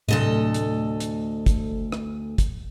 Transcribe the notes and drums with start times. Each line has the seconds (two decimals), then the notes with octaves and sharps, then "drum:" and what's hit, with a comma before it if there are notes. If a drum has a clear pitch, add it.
0.08 D2 A2 C3 F#3 A4 D#5
0.54 drum: hi-hat
1.00 drum: hi-hat
1.46 drum: kick, hi-hat
1.92 drum: rim click
2.38 drum: kick, hi-hat